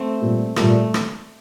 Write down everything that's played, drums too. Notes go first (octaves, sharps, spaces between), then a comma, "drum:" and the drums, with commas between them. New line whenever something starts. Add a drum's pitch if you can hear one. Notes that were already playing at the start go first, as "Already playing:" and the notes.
Already playing: A3 C4
A#2 G3 A#3
A#2 G3 A3 A#3, drum: rim click
drum: rim click